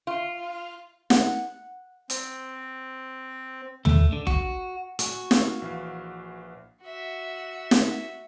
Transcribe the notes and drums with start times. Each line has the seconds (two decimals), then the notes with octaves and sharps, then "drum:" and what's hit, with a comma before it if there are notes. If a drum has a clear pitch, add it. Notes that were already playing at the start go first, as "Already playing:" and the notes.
0.07 F4
1.10 F#5, drum: snare
2.10 C4, drum: hi-hat
3.85 A3, drum: tom
4.12 D3
4.27 F#4, drum: kick F#1
4.99 F#4 G#5 C#6, drum: hi-hat
5.31 F5 C#6 E6, drum: snare
5.62 A#1 E3 F5
6.84 F#4 E5
7.71 drum: snare